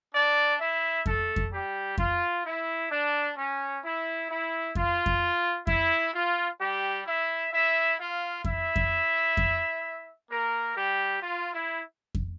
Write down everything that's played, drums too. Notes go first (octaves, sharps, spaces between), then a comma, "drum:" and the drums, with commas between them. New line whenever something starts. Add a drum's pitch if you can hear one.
D4 D5
E4 E5
A3 A4, drum: kick F2
drum: kick F2
G3 G4
F4, drum: kick F2
E4
D4
C#4
E4
E4
F4, drum: kick F2
drum: kick F2
E4, drum: kick F2
F4
G3 G4
E4 E5
E4 E5
F4 F5
E4 E5, drum: kick F2
drum: kick F2
drum: kick F2
A#3 A#4
G3 G4
F4
E4
drum: kick F2